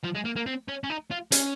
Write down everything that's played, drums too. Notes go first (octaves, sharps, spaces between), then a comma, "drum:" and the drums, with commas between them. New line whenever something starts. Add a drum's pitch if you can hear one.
F3
G#3
A#3
A#3
C4
C#4
C#4
D#4
F4
C#4, drum: hi-hat